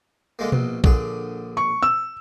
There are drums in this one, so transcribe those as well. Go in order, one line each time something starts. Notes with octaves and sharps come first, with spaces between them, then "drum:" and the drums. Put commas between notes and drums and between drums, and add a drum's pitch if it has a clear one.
D3 G#3 A#3
A#1 B2, drum: tom B2
A#1 D3 G#4, drum: kick
C#6
E6